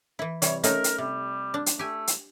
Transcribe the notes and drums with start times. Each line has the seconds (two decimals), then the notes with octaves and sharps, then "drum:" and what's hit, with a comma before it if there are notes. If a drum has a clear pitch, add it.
0.19 E3 E4
0.42 C3 E3 G3 C#5, drum: hi-hat
0.64 A3 C#4 D#4 A#4, drum: hi-hat
0.84 drum: hi-hat
0.98 C3 G3
1.54 D4
1.66 drum: hi-hat
1.79 A3 G4 G#5
2.07 drum: hi-hat